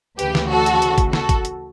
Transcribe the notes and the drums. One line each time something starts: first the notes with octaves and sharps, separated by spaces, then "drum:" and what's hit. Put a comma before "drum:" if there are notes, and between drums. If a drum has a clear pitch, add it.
D2 C#3 E3 G4 B4, drum: hi-hat
drum: snare
F#4 A4
drum: hi-hat
drum: hi-hat
drum: kick, hi-hat
F#4 A4, drum: snare
drum: kick, hi-hat
drum: hi-hat